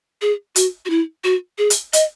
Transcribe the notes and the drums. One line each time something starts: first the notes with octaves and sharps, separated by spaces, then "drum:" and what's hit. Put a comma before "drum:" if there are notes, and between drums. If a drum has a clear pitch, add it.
G#4
F#4, drum: hi-hat
F#4
E4
F#4
G#4
drum: hi-hat
D#5, drum: hi-hat